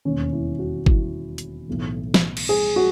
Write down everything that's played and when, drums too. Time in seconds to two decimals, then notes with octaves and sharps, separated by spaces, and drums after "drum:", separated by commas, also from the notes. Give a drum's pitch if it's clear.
0.05 E1 D#2 D#3 C#4
0.32 E4
0.59 F#4
0.86 E4, drum: kick
1.38 drum: hi-hat
1.68 B1 A2 E3
2.14 drum: snare
2.37 drum: cymbal
2.49 G#4
2.76 F#4